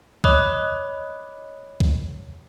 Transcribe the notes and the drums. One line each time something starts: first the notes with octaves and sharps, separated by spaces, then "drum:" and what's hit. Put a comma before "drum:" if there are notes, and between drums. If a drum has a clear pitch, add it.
C#5 D#5 B5 D6 D#6 F#6, drum: kick C2
drum: kick C2